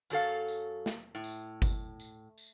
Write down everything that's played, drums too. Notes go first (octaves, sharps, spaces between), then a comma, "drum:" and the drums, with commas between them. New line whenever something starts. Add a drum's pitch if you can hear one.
F#2 F#3 A4 F5, drum: tambourine
drum: tambourine
drum: snare
A2
drum: tambourine
drum: kick G1, tambourine
drum: tambourine
drum: tambourine